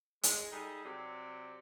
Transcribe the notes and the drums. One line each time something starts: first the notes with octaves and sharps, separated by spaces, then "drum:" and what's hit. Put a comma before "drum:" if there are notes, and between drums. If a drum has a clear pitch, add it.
G#3, drum: hi-hat
G3 D#4 G#4 A4
C3 F#3 C4 D5